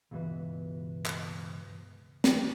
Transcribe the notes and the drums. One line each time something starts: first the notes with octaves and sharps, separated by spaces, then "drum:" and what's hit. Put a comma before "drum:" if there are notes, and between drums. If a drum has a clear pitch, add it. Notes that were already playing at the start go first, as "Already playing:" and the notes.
C#2 G2 B2 E3 F#4 B4
drum: clap
drum: snare